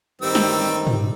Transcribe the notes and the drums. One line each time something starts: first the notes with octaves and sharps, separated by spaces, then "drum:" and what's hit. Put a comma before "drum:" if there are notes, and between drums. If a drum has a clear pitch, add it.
A1 G2 D#3 G3 C4 E6
drum: snare
drum: tom